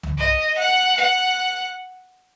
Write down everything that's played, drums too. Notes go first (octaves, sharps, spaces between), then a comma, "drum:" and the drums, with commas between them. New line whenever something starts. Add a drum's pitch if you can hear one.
drum: tom C2
D#5
F#5
F#5